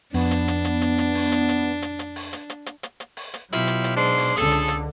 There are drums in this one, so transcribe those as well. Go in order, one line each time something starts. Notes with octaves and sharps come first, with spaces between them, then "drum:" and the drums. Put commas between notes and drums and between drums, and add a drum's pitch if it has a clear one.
F2 B3 D4, drum: open hi-hat
drum: hi-hat
drum: hi-hat
drum: hi-hat
drum: hi-hat
drum: hi-hat
drum: open hi-hat
drum: hi-hat
drum: hi-hat
drum: hi-hat
drum: hi-hat
drum: open hi-hat
drum: hi-hat
drum: hi-hat
drum: hi-hat
drum: hi-hat
drum: hi-hat
drum: open hi-hat
drum: hi-hat
B2 F#3 E4 F4 G4, drum: hi-hat
drum: hi-hat
drum: hi-hat
G#2 D4 C6
drum: open hi-hat
C#2 D3 G#4 A4, drum: hi-hat
drum: hi-hat
drum: hi-hat